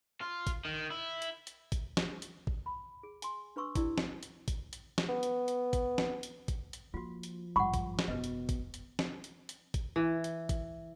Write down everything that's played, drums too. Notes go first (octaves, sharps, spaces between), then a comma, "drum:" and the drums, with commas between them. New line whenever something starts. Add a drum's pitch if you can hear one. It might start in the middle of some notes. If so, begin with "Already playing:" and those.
F4
drum: kick G#1, hi-hat
D#3
E4
drum: hi-hat
drum: hi-hat
drum: kick G#1, hi-hat
drum: snare
drum: hi-hat
drum: kick G#1
B5
G#4
G#5 C6, drum: hi-hat
D4 B4 C6 C#6 E6
D4 E4 G4 D5 E6, drum: kick G#1, hi-hat
drum: snare
drum: hi-hat
drum: kick G#1, hi-hat
drum: hi-hat
drum: snare
B3
drum: hi-hat
drum: hi-hat
drum: kick G#1, hi-hat
drum: snare
drum: hi-hat
drum: kick G#1, hi-hat
drum: hi-hat
F3 A#3 F4 F#4
drum: hi-hat
G#1 G2 F#5 B5 C#6 D6
drum: kick G#1, hi-hat
drum: snare
F1 B2 B4 D#5
drum: hi-hat
drum: kick G#1, hi-hat
drum: hi-hat
drum: snare
drum: hi-hat
drum: hi-hat
drum: kick G#1, hi-hat
E3
drum: hi-hat
drum: kick G#1, hi-hat